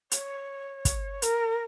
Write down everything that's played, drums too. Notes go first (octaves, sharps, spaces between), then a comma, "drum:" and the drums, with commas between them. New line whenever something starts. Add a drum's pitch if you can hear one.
C#5, drum: hi-hat
drum: kick, hi-hat
A#4, drum: hi-hat